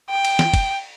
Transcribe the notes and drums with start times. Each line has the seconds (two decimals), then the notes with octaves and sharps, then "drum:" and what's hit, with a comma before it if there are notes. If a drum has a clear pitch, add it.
0.10 G5
0.25 drum: cymbal
0.39 drum: snare
0.54 drum: kick, cymbal